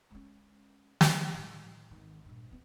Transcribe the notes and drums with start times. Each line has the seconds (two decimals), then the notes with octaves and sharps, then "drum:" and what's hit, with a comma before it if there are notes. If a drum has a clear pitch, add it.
0.11 G#3 C#4
1.01 D#3 D#4, drum: snare
1.34 A2 G#3
1.91 G#1 D#3
2.25 G2 A#2
2.51 E3 B3